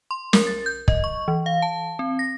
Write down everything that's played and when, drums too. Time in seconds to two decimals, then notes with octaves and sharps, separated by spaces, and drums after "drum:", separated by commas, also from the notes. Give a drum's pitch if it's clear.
0.11 C6
0.33 A#4, drum: snare
0.47 A6
0.66 G6
0.88 D#5, drum: kick
1.04 C#6
1.28 E3
1.46 F5
1.62 A5
1.99 C4
2.19 A#6